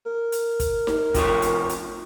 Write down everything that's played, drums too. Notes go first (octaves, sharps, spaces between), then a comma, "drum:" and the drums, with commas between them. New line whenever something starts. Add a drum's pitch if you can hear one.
A#4
drum: hi-hat
drum: kick, hi-hat
drum: snare D#4
C3 F3 C#5, drum: kick, hi-hat
drum: hi-hat
drum: hi-hat